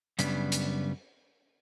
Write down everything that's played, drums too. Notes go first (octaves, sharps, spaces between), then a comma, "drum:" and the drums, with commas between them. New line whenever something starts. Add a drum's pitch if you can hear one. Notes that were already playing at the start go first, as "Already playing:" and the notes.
F#2 C#3 G3 B3 D4, drum: hi-hat
drum: hi-hat